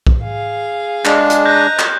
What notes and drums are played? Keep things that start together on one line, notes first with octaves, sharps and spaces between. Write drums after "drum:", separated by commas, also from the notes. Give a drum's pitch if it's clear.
drum: kick B1
G#4 F5
G#3 D4, drum: clap
drum: hi-hat
D#5 A#5 F#6 G6 A#6
drum: clap